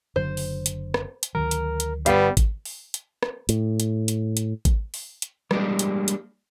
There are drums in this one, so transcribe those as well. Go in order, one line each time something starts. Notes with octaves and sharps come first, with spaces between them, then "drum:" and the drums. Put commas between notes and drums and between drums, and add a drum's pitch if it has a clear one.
F#1 D3 F#3 C5
drum: open hi-hat
drum: hi-hat
drum: rim click
drum: hi-hat
D2 D#3 F#3 A#4
drum: hi-hat
drum: hi-hat
G1 G3 B3 B4 F5, drum: hi-hat
drum: kick G#1, hi-hat
drum: open hi-hat
drum: hi-hat
drum: rim click
A2, drum: hi-hat
drum: hi-hat
drum: hi-hat
drum: hi-hat
drum: kick G#1, hi-hat
drum: open hi-hat
drum: hi-hat
G3 G#3 A#3 D4 G4 D#5, drum: rim click
drum: hi-hat
drum: hi-hat